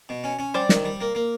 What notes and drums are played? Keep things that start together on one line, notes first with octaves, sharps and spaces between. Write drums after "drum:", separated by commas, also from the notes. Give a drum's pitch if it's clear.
B2
C#4
C#4
G3 C5 D5
D#3, drum: snare
G3
A#3
A#3